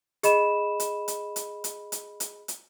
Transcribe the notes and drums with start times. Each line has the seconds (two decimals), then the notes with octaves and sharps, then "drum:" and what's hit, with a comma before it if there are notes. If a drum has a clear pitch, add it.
0.23 G#4 D#5 B5 E7, drum: hi-hat
0.80 drum: hi-hat
1.08 drum: hi-hat
1.36 drum: hi-hat
1.64 drum: hi-hat
1.92 drum: hi-hat
2.20 drum: hi-hat
2.48 drum: hi-hat